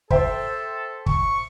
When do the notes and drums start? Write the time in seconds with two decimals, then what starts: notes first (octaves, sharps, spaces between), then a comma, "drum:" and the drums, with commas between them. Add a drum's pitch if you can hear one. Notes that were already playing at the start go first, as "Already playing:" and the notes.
0.10 A4 C5 E5 G5, drum: kick
1.06 C#6, drum: kick